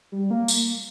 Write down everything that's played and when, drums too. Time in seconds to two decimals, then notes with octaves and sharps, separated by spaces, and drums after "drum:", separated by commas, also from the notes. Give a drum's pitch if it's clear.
0.12 G3
0.31 A#3
0.48 drum: tambourine